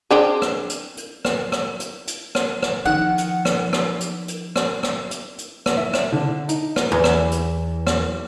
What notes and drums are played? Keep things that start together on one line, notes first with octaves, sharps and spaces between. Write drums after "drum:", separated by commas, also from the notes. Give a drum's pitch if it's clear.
C4 D4 G#4
drum: rim click
drum: hi-hat
drum: hi-hat
drum: rim click
drum: rim click
drum: hi-hat
drum: hi-hat
drum: rim click
drum: rim click
D#3 F3 F#5
drum: hi-hat
drum: rim click
drum: rim click
drum: hi-hat
drum: hi-hat
drum: rim click
drum: rim click
drum: hi-hat
drum: hi-hat
drum: rim click
E5
drum: rim click
D3
D#4, drum: hi-hat
drum: rim click
E2
drum: rim click
drum: hi-hat
drum: rim click